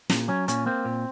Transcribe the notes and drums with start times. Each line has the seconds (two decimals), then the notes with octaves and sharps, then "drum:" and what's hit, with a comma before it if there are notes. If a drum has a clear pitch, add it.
0.10 A#2, drum: snare
0.28 F#3 C#4
0.48 A#2 C#4, drum: hi-hat
0.66 A#3 C4
0.85 A#2